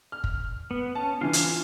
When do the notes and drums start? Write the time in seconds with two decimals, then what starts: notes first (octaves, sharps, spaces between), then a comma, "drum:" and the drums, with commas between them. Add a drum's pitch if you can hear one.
0.12 F6
0.24 drum: kick
0.71 B3
0.95 C#4 A5
1.21 D3 E3 F4 F5
1.33 drum: hi-hat